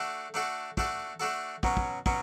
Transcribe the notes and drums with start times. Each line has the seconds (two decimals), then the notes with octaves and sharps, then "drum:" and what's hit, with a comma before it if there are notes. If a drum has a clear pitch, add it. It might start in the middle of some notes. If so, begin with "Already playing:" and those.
Already playing: A3 D4 F#4 A4
0.34 A3 D4 F#4 A4
0.77 A3 D4 F#4 A4, drum: kick
1.20 A3 D4 F#4 A4
1.63 B2 F#3 C#4, drum: kick
1.77 drum: kick
2.06 B2 F#3 C#4, drum: kick